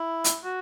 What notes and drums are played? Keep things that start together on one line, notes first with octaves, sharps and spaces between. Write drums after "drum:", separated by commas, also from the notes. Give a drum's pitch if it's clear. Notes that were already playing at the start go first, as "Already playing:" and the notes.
Already playing: E4
drum: hi-hat
F#4